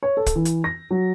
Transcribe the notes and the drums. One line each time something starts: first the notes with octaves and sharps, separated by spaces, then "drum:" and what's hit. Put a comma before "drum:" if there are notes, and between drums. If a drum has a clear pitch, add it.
C#5
A4
drum: kick, hi-hat
E3
drum: hi-hat
A#6
F#3